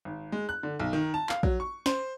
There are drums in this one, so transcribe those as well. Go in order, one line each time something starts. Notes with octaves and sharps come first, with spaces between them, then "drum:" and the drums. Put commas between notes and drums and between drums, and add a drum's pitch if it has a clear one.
G#1
G#3
F#6
D3
B1
D#3
A5
F5, drum: clap
F#3, drum: kick
C#6
C5, drum: snare